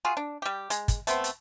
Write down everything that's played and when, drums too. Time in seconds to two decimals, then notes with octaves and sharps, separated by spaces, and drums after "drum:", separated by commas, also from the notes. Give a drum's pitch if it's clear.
0.05 F4 F#4 G#4
0.17 D4
0.42 G3 G4
0.70 G#3, drum: hi-hat
0.88 drum: kick, hi-hat
1.07 A3 B3 C4, drum: hi-hat
1.24 drum: hi-hat